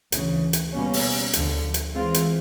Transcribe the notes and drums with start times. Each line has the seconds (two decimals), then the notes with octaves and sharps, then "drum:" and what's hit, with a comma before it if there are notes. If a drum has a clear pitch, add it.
0.12 D2 C#3 E3, drum: hi-hat
0.53 drum: hi-hat
0.73 B2 G3 A#3 C#4
0.93 drum: open hi-hat
1.33 D2 D3 F3, drum: hi-hat
1.74 drum: hi-hat
1.94 E3 G#3 C4 F4
2.14 drum: hi-hat